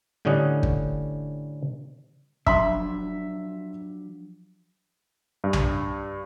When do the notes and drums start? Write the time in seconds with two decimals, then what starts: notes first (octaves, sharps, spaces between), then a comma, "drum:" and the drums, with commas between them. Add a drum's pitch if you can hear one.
0.25 A2 D3 G3 C#4 D#5 F#5
0.63 drum: kick
2.47 F3 F#3 D4 E5 B5 C6, drum: kick
5.44 G2
5.53 drum: tom B1